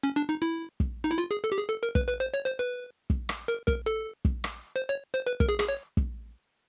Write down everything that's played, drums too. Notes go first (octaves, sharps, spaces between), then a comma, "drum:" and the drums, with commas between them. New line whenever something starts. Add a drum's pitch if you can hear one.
C#4
D4
D#4
E4
drum: kick
D#4
E4
F4
G#4
A4
G4
G#4
A4
A#4
B4, drum: kick
B4
C5
C#5
C5
B4
drum: kick
drum: rim click
A#4
A#4, drum: kick
A4
drum: kick
drum: rim click
C5
C#5
C5
B4
A#4, drum: kick
G#4
G#4, drum: rim click
C#5
drum: kick